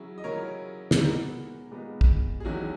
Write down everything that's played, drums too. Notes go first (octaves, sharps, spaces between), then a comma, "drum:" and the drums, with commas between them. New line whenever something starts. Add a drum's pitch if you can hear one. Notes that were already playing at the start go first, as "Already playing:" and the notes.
Already playing: C#3 F#3 C#4 E4 G#4
D#5
C#3 F#3 C#4 E4 A#4 C#5
B4, drum: snare
A#2 G#3 B3 D#4 F#4 A#4
A#2 G#3 B3 D#4
drum: kick
G#4
E2 D#3 F#3 C#4 E4 F#4